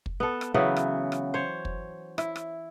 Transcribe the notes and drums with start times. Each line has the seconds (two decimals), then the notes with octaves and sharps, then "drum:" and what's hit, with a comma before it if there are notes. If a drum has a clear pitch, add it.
0.06 drum: kick
0.20 B3 A4
0.41 drum: rim click
0.54 C#3 E3 F#3 B3
0.76 drum: rim click
1.12 drum: rim click
1.34 C5 C#5
1.65 drum: kick
2.18 E4, drum: rim click
2.36 drum: rim click